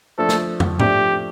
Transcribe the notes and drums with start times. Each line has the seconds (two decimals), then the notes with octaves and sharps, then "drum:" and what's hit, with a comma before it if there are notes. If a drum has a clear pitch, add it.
0.18 F3 A3 D4 A4
0.29 drum: snare
0.60 drum: tom
0.80 F3 A3 D4 G4, drum: tom G#2